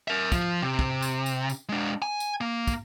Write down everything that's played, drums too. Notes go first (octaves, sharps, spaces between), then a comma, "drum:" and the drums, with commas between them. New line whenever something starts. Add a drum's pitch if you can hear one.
A#4 E5
F3, drum: kick, tambourine
C3
drum: kick
drum: tambourine
drum: tambourine
drum: tambourine
G#3 D4
G#5
drum: tambourine
A#3
drum: kick, tambourine